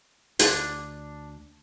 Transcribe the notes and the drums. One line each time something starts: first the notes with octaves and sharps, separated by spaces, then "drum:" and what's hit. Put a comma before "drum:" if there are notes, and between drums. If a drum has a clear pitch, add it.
D2 D4, drum: hi-hat